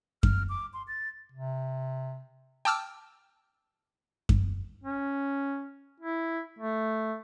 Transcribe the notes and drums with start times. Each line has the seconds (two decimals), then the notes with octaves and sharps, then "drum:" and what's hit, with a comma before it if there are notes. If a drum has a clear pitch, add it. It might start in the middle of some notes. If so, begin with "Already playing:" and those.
0.23 F6, drum: kick F#2
0.49 D6
0.74 C6
0.88 A6
1.32 C3
2.65 G5 A5 D6 E6 F6
4.29 drum: kick F#2
4.83 C#4
6.00 E4
6.59 A3